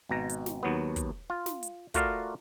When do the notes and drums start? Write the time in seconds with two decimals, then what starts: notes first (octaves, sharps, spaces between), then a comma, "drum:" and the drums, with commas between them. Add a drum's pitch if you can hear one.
0.09 G#1 B2 A#5
0.29 drum: hi-hat
0.46 drum: snare
0.63 D#2 F#3 B3
0.96 drum: kick, hi-hat
1.30 F4
1.46 drum: snare
1.63 drum: hi-hat
1.94 A3 F4 F#4 A#4 D5 F5, drum: kick, hi-hat